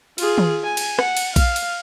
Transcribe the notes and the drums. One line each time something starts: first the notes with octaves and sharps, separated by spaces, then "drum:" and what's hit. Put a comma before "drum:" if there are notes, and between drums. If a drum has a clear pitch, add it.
F4 G#4, drum: cymbal
drum: tom D#3
G#5
drum: cymbal
F#5, drum: rim click
drum: cymbal
F5, drum: kick A#1, cymbal
drum: cymbal